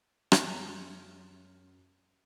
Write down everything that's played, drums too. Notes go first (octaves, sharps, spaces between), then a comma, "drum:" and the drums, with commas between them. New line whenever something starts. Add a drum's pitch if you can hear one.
F#2 F#3 F6 C#7, drum: rim click